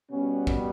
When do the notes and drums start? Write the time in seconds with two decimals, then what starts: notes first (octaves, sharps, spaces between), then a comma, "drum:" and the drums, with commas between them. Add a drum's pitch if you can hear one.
0.11 B2 G3 B3 C#4
0.47 drum: kick